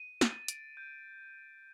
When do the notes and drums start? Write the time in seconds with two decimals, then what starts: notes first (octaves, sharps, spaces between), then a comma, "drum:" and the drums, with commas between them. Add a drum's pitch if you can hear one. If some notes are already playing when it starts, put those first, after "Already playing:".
Already playing: D#7
0.21 A6, drum: snare
0.48 D7, drum: hi-hat
0.77 G6